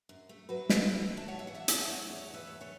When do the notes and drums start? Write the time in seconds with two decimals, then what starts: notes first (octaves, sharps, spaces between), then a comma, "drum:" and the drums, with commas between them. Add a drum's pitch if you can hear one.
0.09 F#2
0.29 A3
0.49 F#3 F#4 B4
0.69 F#3, drum: snare
0.89 F#3 B4 E5
1.09 A3
1.17 A5
1.28 E3 C#5 F#5
1.39 E5
1.47 E3 F#5
1.55 E5 A5
1.68 E3, drum: hi-hat
1.81 C#5 F#5
1.88 A3
2.08 E2 C#5 F#5
2.28 E3
2.34 B4 E5
2.47 A3
2.61 A4 C#5